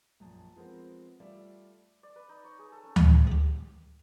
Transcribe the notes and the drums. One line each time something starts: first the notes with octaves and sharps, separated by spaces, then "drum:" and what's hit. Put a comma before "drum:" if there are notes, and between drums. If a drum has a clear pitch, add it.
A#1 F#2 A5
F3 G#3 B3 C4 A#4 C5
G3 A3 F4 D5 E5 F5
D5
B4
D#4
C#5
G#4
A4
C#4
drum: tom D2
G4 G#4